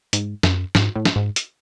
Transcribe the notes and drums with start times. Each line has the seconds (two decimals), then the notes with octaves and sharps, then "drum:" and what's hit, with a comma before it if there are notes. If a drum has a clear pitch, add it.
0.13 G#2, drum: hi-hat
0.43 F#2, drum: snare
0.75 G#2, drum: snare
0.96 A2
1.05 drum: snare
1.16 G#2
1.36 drum: hi-hat